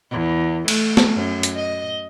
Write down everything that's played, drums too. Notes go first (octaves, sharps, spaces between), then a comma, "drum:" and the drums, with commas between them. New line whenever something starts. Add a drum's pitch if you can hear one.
E2
A3, drum: cymbal
drum: snare
F#2
drum: hi-hat
D#5